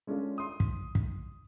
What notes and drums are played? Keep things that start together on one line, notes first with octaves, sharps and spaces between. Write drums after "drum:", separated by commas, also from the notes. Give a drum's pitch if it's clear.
G#3 C#4 D4 F4 A4
C6 D#6
drum: kick
drum: kick